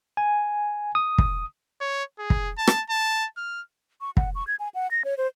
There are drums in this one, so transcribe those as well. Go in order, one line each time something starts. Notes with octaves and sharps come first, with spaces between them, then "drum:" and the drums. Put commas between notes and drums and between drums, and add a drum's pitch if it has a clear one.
G#5
D#6
drum: kick
C#5
G#4
drum: kick
A5
drum: rim click
A5
F6
C#6
F#5, drum: kick
C#6
G#6
G#5
F#5
A#6
C#5
C5